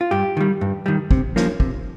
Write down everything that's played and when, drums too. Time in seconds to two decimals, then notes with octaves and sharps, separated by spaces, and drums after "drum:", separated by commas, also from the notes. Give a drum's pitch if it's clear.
0.01 F4
0.11 G2 G4
0.37 D#3 G3
0.61 G2
0.86 D#3 G3
1.11 C3, drum: kick
1.36 F3 A#3 C#4, drum: snare
1.60 C3, drum: kick